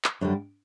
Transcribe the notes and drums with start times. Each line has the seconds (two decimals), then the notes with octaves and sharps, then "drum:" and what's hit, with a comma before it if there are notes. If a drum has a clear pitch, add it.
0.04 drum: clap
0.21 F#2 D3 G3